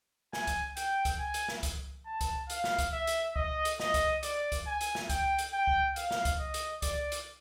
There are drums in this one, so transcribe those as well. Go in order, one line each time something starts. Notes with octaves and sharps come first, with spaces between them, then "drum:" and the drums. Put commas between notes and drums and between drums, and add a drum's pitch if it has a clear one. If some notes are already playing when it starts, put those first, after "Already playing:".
G#5, drum: snare
drum: kick C2, hi-hat
G5, drum: hi-hat
drum: kick C2, hi-hat
G#5
drum: hi-hat
drum: snare
drum: kick C2, hi-hat
A5
drum: kick C2, hi-hat
F5, drum: hi-hat
drum: snare
drum: kick C2, hi-hat
E5
drum: hi-hat
D#5, drum: kick C2
drum: hi-hat
D#5, drum: snare
drum: kick C2, hi-hat
D5, drum: hi-hat
drum: kick C2, hi-hat
G#5
drum: hi-hat
drum: snare
G5, drum: kick C2, hi-hat
drum: hi-hat
G5
drum: kick C2
F5, drum: hi-hat
drum: snare
drum: kick C2, hi-hat
D#5
drum: hi-hat
D5, drum: kick C2, hi-hat
drum: hi-hat